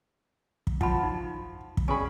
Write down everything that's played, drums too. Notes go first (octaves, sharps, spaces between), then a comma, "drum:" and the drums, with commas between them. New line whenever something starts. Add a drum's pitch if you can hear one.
drum: kick
F3 F#5 A5 B5, drum: kick
D#4
drum: kick
C#4 G#4 G#5 B5